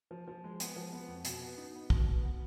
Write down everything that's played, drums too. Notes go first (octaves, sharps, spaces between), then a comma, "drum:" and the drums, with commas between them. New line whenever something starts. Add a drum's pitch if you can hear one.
F3
F3
G#3
B3, drum: hi-hat
F3
B3
F2
B2, drum: hi-hat
B3
D#4
B3
B2, drum: kick
B3
B3